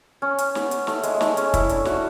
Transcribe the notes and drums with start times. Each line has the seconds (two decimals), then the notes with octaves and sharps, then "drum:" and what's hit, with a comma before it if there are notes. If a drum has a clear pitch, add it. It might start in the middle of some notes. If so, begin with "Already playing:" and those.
0.22 C#4
0.38 drum: hi-hat
0.55 B3, drum: snare
0.71 drum: hi-hat
0.87 A3, drum: snare
1.03 G#3, drum: hi-hat
1.14 G#3
1.21 A3, drum: snare
1.37 C#4, drum: hi-hat
1.54 E4, drum: kick, hi-hat
1.69 D4, drum: hi-hat
1.85 F#4, drum: snare